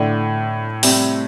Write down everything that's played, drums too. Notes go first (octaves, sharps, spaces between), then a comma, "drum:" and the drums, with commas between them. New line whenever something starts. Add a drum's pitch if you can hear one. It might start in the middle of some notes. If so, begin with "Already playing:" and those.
Already playing: A2 D3 A3 D4
C3 G3 C4 E4, drum: open hi-hat